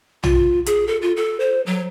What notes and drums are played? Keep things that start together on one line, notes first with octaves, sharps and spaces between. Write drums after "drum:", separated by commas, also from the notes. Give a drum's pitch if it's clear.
F4, drum: tom
G#4, drum: hi-hat
A4
F4
A4
C5
F#3